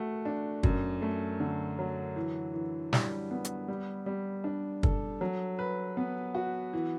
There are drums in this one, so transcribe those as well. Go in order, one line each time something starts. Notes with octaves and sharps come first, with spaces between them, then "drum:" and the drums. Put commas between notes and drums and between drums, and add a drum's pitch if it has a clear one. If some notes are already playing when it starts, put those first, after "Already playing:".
Already playing: A3 F#4
D4
F#2, drum: kick
A3
D3
F#3
E3
E3
G3, drum: snare
B3
drum: hi-hat
G3
G3
D4
A4, drum: kick
F#3
B4
B3
F#4
E3